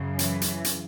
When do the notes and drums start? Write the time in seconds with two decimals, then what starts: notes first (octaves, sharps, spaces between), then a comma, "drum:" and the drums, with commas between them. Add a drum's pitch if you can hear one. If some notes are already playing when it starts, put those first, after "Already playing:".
Already playing: F#2 C#3
0.19 E3, drum: hi-hat
0.41 drum: hi-hat
0.64 drum: hi-hat